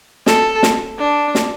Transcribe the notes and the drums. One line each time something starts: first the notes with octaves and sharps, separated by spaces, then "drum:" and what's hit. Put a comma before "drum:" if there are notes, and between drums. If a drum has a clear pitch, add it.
A4, drum: snare
drum: snare
D4
drum: snare